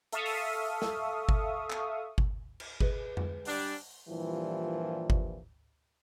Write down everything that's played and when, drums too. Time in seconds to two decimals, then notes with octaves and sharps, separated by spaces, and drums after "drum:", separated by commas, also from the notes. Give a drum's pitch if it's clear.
0.12 A4 E5 F5 C#6 D#6, drum: hi-hat
0.26 drum: open hi-hat
0.82 drum: snare
1.29 drum: kick G1
1.70 drum: clap
2.18 drum: kick G1
2.60 drum: cymbal
2.81 G#4 B4 D#5, drum: kick G1
3.17 drum: tom F2
3.45 G3 D4, drum: open hi-hat
4.09 G2 A#2 E3 F3 G3 E4
5.10 drum: kick G1